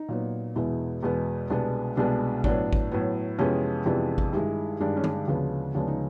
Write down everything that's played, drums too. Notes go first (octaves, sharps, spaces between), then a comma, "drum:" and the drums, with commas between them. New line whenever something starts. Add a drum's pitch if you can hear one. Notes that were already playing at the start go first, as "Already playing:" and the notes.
Already playing: D#4
A#2 F#3 B3
E2 B2 G#3 B3 E4
E2 B2 G#3 B3
C2 B2 G#3 B3 D4
C2 B2 G#3 B3 D4
A2 F#3 B3 D4, drum: kick G#1
drum: kick G#1
A2 F#3 B3
F2 C3 E3 G#3 B3 C#4
F2 C3 E3 G#3 B3 D4
drum: kick G#1
G2 D#3 G#3 E4
G2 D#3 G#3 D4
C#4
D4, drum: tom D3
D2 C#3 F3 G#3 B3
D2 C#3 F3 G#3 B3 D4
D#4